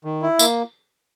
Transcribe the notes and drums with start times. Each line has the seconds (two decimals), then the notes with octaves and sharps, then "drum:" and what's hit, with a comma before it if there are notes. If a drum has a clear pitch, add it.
0.05 D#3
0.22 E4
0.39 A#3, drum: tambourine